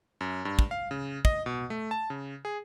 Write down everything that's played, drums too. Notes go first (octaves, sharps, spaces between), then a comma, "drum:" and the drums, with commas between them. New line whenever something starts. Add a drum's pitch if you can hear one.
F#2
G2
drum: kick
F5
C#3
D#5, drum: kick
B2
A3
A5
C#3
G#4